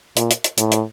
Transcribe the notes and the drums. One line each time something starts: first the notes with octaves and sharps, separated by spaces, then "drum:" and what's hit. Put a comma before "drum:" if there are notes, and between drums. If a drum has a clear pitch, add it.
A#2, drum: hi-hat
drum: hi-hat
drum: hi-hat
A2, drum: hi-hat
drum: hi-hat